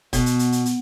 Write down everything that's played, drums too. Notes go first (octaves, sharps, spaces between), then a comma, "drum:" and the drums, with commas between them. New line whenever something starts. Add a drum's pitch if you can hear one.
B2, drum: kick F1, hi-hat
drum: hi-hat
drum: hi-hat
drum: hi-hat
drum: hi-hat